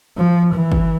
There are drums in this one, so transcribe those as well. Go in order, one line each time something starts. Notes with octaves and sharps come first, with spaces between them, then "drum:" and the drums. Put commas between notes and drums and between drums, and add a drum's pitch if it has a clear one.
F3
E3
drum: kick